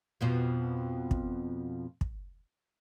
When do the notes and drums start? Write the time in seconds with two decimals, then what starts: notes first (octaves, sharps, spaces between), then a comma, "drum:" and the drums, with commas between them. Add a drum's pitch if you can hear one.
0.21 F2 B2 F3
1.11 drum: kick
2.01 drum: kick